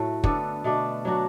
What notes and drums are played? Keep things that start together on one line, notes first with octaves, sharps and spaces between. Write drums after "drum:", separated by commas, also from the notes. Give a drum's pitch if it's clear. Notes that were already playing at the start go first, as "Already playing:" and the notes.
Already playing: A2 F#3 A3 F#4
D3 B3 D4 A4, drum: kick
B2 A3 D4
F#3 D4 F#4